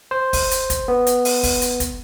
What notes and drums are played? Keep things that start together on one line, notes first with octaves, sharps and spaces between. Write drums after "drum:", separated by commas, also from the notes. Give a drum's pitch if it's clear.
C5
drum: kick, open hi-hat
drum: hi-hat
drum: kick, hi-hat
B3
drum: hi-hat
drum: open hi-hat
drum: kick, open hi-hat
drum: hi-hat
drum: kick, hi-hat